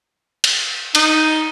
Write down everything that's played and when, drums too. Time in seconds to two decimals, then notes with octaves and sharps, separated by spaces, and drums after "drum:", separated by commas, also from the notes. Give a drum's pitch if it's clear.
0.44 drum: cymbal
0.95 D#4, drum: cymbal